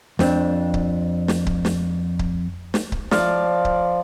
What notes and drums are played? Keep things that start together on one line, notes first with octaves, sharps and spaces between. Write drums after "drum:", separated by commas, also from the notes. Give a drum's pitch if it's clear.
F2 C4 D4, drum: snare
drum: kick C#1
drum: snare
drum: kick C#1
drum: snare
drum: kick C#1
drum: snare
drum: kick C#1
F3 D5 F5, drum: snare
drum: kick C#1